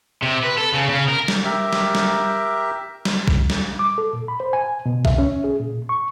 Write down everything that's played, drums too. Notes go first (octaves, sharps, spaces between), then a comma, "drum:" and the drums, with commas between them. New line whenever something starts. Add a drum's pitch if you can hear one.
C3
B4
A4
C#3
C#3
A#4
drum: snare
G4 A#4 E5
drum: snare
drum: snare
drum: snare
drum: kick
drum: snare
D6
A4
A#2
B5
C5
G#5
B2
E5, drum: kick
C#4
G#4
A#2
C#6